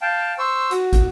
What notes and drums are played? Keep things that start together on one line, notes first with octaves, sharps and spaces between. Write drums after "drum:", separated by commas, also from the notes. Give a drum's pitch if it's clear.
F5 G5 A5
C5 C#6 E6
F#4, drum: hi-hat
drum: kick, hi-hat